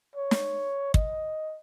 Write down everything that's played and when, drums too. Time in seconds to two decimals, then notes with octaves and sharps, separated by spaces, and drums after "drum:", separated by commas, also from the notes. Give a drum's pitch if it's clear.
0.16 C#5
0.31 drum: snare
0.94 D#5, drum: kick